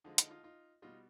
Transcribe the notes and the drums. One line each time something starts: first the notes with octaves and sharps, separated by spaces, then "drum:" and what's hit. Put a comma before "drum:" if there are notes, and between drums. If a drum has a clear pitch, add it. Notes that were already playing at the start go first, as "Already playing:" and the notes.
D3 F3 G#3 D#4
D#4 F4, drum: hi-hat
D#4 F4
D#4 F4
B2 G3 D#4 F4